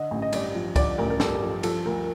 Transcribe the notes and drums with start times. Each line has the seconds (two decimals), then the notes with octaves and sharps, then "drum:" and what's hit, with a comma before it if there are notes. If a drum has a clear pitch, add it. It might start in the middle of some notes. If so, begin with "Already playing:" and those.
Already playing: D3 D#5
0.11 A1
0.22 D#5
0.33 G2 D5, drum: cymbal
0.55 F3
0.76 D3 D5, drum: kick C2, cymbal
0.98 A1 A#4
1.10 A#4
1.20 G2 A4, drum: snare
1.42 F3 A4
1.63 F3 A4, drum: cymbal
1.86 D2 A#4